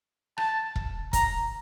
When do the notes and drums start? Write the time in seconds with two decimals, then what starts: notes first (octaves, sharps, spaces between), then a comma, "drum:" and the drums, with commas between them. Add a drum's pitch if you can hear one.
0.38 A5, drum: rim click
0.76 drum: kick E1
1.13 A#5, drum: kick E1, hi-hat